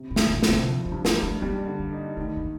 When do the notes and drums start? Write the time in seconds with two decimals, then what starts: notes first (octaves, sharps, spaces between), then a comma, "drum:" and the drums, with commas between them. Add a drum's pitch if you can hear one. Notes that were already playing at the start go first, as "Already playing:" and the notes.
Already playing: C3
0.11 A2
0.16 D2, drum: snare
0.30 A2
0.42 C4, drum: snare
0.48 C3
0.67 F3
0.86 C4
0.92 G2
1.05 A#3, drum: snare
1.17 G2
1.23 A3
1.42 G3 A#3
1.67 D3
1.79 A#3
1.92 D#4
2.17 D#3 A3
2.37 A#3